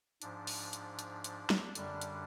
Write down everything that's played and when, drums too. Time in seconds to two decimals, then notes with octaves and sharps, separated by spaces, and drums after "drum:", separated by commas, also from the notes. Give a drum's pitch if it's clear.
0.22 G#2 F3 D4, drum: hi-hat
0.47 drum: open hi-hat
0.73 drum: hi-hat
0.99 drum: hi-hat
1.24 drum: hi-hat
1.50 drum: snare
1.75 F#2 D3 G3 D4, drum: hi-hat
2.01 drum: hi-hat